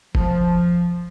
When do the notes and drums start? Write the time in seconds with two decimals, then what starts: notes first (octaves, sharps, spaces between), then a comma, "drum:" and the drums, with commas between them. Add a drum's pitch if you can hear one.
0.15 F3, drum: kick F#1